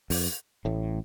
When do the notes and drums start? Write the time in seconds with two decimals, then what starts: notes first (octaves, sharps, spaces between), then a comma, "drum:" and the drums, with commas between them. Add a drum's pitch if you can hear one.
0.10 F2, drum: open hi-hat
0.65 A1 A2